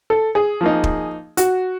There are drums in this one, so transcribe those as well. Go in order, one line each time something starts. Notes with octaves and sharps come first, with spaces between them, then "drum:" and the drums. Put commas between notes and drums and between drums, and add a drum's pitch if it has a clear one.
A4
G#4
F3 A#3 D#4
drum: kick
F#4, drum: hi-hat